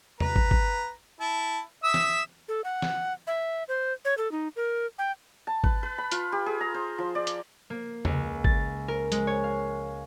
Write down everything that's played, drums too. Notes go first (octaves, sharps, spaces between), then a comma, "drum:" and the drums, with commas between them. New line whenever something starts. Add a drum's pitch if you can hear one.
B4 A#5, drum: tom E2
drum: kick
drum: kick
E4 A5
E5 D#6 E6
drum: snare
A4
F#5
drum: snare
E5
C5
C#5
A4
D#4
A#4
G5
A5
B4, drum: kick
B4
B5
F4, drum: hi-hat
G4
G#4
A#5
C5
F3
D5
drum: hi-hat
A#3
C#2, drum: tom E2
A6, drum: kick
A#4
G#3, drum: hi-hat
C#5
F5